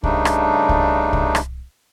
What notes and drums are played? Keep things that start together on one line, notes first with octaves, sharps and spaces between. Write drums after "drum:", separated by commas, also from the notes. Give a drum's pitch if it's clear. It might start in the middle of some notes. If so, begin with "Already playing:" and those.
G2 C#3 G3 A3 D4 D#4, drum: kick C2
drum: rim click
drum: kick C2
drum: kick C2
drum: rim click